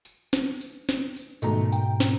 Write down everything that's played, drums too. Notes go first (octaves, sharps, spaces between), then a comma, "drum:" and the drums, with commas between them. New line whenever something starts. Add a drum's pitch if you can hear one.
drum: tambourine
drum: snare
drum: tambourine
drum: snare
drum: tambourine
G#2 B2 D#3 G#3 A3 A#5, drum: tambourine
G5, drum: tambourine
drum: snare